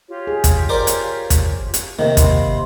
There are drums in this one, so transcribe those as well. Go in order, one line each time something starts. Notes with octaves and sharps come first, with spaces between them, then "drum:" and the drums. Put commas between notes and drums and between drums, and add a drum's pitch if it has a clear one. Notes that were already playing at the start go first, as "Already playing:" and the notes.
F4 G4 C#5
G#4
drum: kick, hi-hat
A#4 C5 D5
drum: hi-hat
drum: kick, hi-hat
drum: hi-hat
C3 D#3 A#3
B5 C6, drum: kick, hi-hat